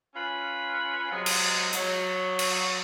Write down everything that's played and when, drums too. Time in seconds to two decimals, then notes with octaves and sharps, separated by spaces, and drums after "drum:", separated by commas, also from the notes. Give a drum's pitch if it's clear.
0.15 C#4 F4 B4
1.11 C3 F#3 G#3
1.26 drum: cymbal
1.73 F#3, drum: hi-hat
2.39 drum: cymbal